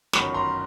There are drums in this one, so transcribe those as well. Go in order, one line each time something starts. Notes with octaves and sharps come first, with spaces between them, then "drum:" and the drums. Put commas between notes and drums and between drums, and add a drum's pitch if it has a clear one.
G1 F#2 D#3 F#3 B5 C#6, drum: snare
A#5 C6